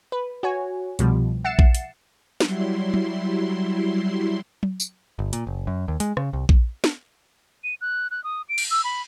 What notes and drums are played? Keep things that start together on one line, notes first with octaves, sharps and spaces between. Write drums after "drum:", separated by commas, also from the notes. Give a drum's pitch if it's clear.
B4
F#4 C#5 G#5
C2 B2 F3 G3, drum: hi-hat
E5 F#5 A6 C7 C#7 E7
drum: kick A#1
drum: hi-hat
F#3 G3 E4 C6, drum: snare
drum: tom F#3
drum: tom F#3
drum: tambourine
G1
A#2, drum: hi-hat
F#1
F#2
D#2
G#3, drum: hi-hat
C#3, drum: rim click
C2
drum: kick A#1
drum: snare
D#7
F#6
F#6
D#6
D7
drum: cymbal
E6
B5